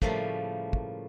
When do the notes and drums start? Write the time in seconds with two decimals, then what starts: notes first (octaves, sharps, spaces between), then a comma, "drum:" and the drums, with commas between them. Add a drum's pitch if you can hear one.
0.02 A2 C#3 F3 G3 A3 A#3, drum: kick
0.73 drum: kick